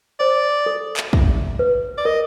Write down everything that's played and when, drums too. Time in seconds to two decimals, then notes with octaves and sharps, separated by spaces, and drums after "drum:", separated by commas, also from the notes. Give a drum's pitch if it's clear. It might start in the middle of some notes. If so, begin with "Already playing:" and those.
0.20 C5 D5
0.66 A4
0.97 drum: clap
1.13 E5, drum: kick
1.59 B4
1.98 D5
2.05 A#4 D#5